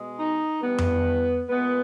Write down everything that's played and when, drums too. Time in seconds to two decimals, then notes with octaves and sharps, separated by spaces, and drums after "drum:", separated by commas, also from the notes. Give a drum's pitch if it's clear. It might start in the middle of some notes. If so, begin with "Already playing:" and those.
Already playing: B2 G#3
0.18 D#4
0.61 G2 E3 G3 B3
0.79 drum: tom F2
1.49 A#2 G#3 B3